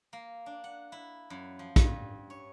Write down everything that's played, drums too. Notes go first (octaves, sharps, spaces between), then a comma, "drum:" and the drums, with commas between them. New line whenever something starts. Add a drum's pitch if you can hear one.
A#3
D4
F#5
E4
F#2
F3
G2, drum: kick, hi-hat
C#5